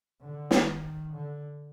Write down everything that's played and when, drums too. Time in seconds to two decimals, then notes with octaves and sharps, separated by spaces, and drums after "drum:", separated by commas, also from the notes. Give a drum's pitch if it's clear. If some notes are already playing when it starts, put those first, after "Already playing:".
0.21 D3
0.51 D#3, drum: snare
1.13 D3